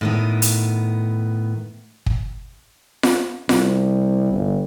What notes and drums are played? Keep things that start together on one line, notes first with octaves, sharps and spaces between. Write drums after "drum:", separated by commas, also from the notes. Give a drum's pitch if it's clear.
A2 D#3 B3
drum: hi-hat
drum: kick
drum: snare F4
C2, drum: snare F4
G1